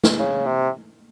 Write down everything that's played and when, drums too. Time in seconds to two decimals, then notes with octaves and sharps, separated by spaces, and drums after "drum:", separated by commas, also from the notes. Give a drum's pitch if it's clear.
0.04 drum: snare
0.20 C#3
0.46 C3